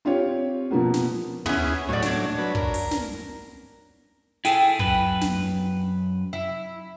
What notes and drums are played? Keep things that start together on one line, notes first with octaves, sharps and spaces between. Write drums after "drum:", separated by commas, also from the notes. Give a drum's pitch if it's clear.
C4 F4 G4 C#5
B2 F3 A#3 B3
drum: snare
B3 C#4 E4 G#4, drum: tom
A2 F#3 C#5 D5
D4 C#5, drum: snare
F#3 B4
A#4, drum: kick
drum: open hi-hat
drum: snare
E4 G#4 A4 G5 G#5, drum: hi-hat
F#2 B4, drum: kick
drum: snare
E4